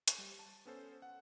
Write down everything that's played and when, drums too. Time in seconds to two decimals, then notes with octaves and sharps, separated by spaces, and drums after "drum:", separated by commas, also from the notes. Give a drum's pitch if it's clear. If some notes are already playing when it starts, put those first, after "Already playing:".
0.08 drum: hi-hat
0.18 G3
0.39 A5
0.65 B3 C#4 A4 C5
1.02 F#5